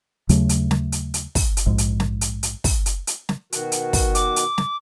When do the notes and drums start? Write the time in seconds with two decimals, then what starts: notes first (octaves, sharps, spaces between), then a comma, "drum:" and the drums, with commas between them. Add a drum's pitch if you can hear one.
0.29 D#2 C#3 F#3 A3, drum: hi-hat
0.49 drum: hi-hat
0.71 drum: snare
0.92 drum: hi-hat
1.14 drum: hi-hat
1.35 drum: kick, open hi-hat
1.57 drum: hi-hat
1.66 A#1 G#2
1.78 drum: hi-hat
2.00 drum: snare
2.21 drum: hi-hat
2.43 drum: hi-hat
2.64 drum: kick, open hi-hat
2.86 drum: hi-hat
3.07 drum: hi-hat
3.29 drum: snare
3.52 B2 D#3 F#4, drum: hi-hat
3.72 drum: hi-hat
3.93 drum: kick, open hi-hat
4.15 D6, drum: hi-hat
4.36 drum: hi-hat
4.58 drum: snare